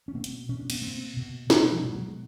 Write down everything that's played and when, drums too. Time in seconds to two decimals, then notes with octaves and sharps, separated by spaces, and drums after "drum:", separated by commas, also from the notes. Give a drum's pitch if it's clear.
0.08 C#4
0.15 B2 A#3 C4
0.24 drum: hi-hat
0.49 B2 C#4
0.59 D4
0.70 B3 C#4, drum: cymbal
0.82 B2 A#3 C4
1.17 B2
1.50 B2, drum: snare
1.72 F3 G3
1.84 B2
1.95 F#3 G#3